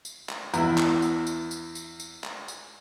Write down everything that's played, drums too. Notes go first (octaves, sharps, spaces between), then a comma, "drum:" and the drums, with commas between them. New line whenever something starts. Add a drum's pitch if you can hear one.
drum: tambourine
drum: clap
E2 E4, drum: tambourine
drum: clap
drum: tambourine
drum: tambourine
drum: tambourine
drum: tambourine
drum: tambourine
drum: clap
drum: tambourine